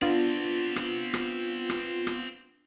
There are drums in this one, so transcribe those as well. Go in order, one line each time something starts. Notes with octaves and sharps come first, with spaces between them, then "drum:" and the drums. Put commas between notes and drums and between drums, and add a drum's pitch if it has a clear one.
B3 C4 D4 F4 D5
drum: rim click
drum: rim click
drum: rim click
drum: rim click